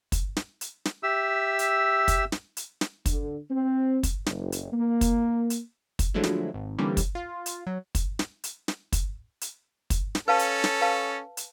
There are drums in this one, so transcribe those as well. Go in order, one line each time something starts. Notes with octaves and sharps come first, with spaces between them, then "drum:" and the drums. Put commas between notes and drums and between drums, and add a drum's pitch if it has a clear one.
drum: kick, hi-hat
drum: snare
drum: hi-hat
drum: snare
G4 E5 E6
drum: hi-hat
drum: kick, hi-hat
drum: snare
drum: hi-hat
drum: snare
D3, drum: kick, hi-hat
C4
drum: kick, hi-hat
F#1, drum: snare
drum: hi-hat
A#3
drum: kick, hi-hat
drum: hi-hat
drum: kick, hi-hat
D3 F3 F#3 G#3 A3 E4
drum: snare
G#1
D3 E3 G3 A#3 C4 C#4
drum: kick, hi-hat
F4
drum: hi-hat
F#3
drum: kick, hi-hat
drum: snare
drum: hi-hat
drum: snare
drum: kick, hi-hat
drum: hi-hat
drum: kick, hi-hat
drum: snare
C#4 A4 B4 F5 A5
drum: hi-hat
drum: snare
B4 F5 A5
drum: hi-hat